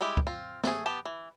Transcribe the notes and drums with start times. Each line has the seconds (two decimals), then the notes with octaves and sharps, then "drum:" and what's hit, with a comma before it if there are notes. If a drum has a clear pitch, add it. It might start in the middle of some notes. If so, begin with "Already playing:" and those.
0.01 G3 G#3 E4 G4
0.17 drum: kick
0.27 C4 F4
0.64 A3 G#4, drum: snare
0.86 B3 G4 A5
1.05 E3